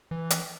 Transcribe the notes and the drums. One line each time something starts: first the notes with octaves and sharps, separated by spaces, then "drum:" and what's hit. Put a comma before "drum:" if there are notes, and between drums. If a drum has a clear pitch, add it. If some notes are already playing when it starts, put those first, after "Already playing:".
E3
drum: hi-hat